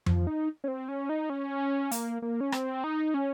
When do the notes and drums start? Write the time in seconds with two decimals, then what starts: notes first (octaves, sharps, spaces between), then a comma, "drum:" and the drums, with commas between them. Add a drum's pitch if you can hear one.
0.06 F3, drum: tom F2
0.27 D#4
0.64 C#4
0.68 C4
0.89 C#4
1.09 D#4
1.30 C#4
1.91 A#3, drum: hi-hat
2.22 A#3
2.41 C#4
2.52 C4, drum: rim click
2.84 D#4
3.14 C#4